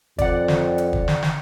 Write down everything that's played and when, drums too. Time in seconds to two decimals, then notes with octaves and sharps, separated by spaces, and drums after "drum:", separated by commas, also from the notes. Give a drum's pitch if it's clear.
0.19 F2 D5 F#5, drum: kick, hi-hat
0.48 drum: snare
0.78 drum: hi-hat
0.93 drum: kick
1.08 drum: snare
1.23 drum: snare